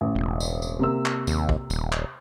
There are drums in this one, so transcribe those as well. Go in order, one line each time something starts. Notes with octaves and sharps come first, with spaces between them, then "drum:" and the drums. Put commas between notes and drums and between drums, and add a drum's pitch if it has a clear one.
A1
E1
drum: tambourine
drum: tambourine
C3 A#3 E6
drum: clap
D#2, drum: tambourine
drum: kick
D#1, drum: tambourine
drum: clap